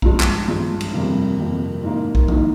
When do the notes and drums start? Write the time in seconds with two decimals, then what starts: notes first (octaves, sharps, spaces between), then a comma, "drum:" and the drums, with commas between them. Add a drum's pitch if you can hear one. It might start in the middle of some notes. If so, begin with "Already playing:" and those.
0.02 G2 F3 G#3, drum: kick A#1
0.20 drum: clap
0.48 G2 F3 G#3
0.81 drum: cymbal
0.93 F2 C3 G3 A#3
1.38 F2 C3 G3 A#3
1.84 G#2 D#3 A#3 D#4
2.15 drum: kick A#1
2.28 G#2 D#3 A#3 D#4, drum: tom E3